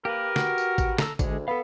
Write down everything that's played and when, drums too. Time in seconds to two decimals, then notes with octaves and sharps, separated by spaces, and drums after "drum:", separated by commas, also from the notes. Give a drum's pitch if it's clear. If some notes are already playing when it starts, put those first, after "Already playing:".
0.05 A#3 G4 A#4 B4
0.36 F#4, drum: snare
0.58 drum: tambourine
0.78 drum: kick G#1, tambourine
0.98 A4 A#5 E6, drum: snare
1.19 D2 D3 G#3, drum: kick G#1, tambourine
1.48 B3 A4 F5 B5